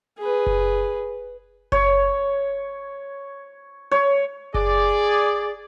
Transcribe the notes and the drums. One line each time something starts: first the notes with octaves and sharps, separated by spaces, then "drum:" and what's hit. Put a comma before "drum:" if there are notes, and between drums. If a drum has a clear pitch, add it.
G#4 B4
drum: kick F#1
C#5, drum: kick F#1
C#5
G#4 D5, drum: kick F#1